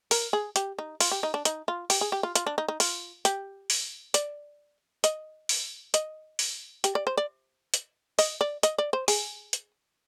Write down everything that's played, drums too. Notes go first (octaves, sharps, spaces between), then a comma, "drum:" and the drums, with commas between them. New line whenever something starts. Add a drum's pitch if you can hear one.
A#4, drum: open hi-hat
G#4
G4, drum: hi-hat
D#4
F4, drum: open hi-hat
G4
D#4
D4
D#4, drum: hi-hat
F4
G4, drum: open hi-hat
G#4
G4
F4
F4, drum: hi-hat
D4
D#4
D#4
F4, drum: open hi-hat
G4, drum: hi-hat
drum: open hi-hat
D5, drum: hi-hat
D#5, drum: hi-hat
drum: open hi-hat
D#5, drum: hi-hat
drum: open hi-hat
G4, drum: hi-hat
D5
C5
D5
drum: hi-hat
D#5, drum: open hi-hat
D5
D#5, drum: hi-hat
D5
C5
G#4, drum: open hi-hat
drum: hi-hat